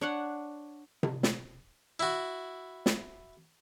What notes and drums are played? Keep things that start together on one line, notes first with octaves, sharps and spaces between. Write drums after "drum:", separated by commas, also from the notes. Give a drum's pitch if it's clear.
D4 C#5 F#5
drum: tom C3
drum: snare
E4 F#4
drum: snare